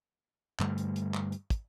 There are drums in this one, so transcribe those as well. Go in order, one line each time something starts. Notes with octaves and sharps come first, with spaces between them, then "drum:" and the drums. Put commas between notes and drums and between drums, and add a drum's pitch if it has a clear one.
G2 D3 G3 A3, drum: clap
drum: hi-hat
drum: hi-hat
drum: clap
drum: hi-hat
drum: kick, hi-hat